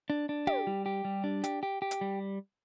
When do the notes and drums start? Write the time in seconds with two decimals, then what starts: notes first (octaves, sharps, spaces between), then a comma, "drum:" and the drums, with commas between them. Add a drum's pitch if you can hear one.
0.10 D4
0.29 D4
0.47 G4, drum: tom
0.67 G3
0.86 G4
1.05 G3
1.24 D4
1.44 G4, drum: hi-hat
1.63 G4
1.82 G4
1.91 drum: hi-hat
2.01 G3